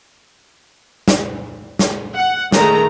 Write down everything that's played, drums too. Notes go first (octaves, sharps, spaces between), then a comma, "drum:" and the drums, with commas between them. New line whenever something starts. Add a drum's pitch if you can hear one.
drum: snare
drum: snare
F#5
D#3 G#3 A3 A#5, drum: snare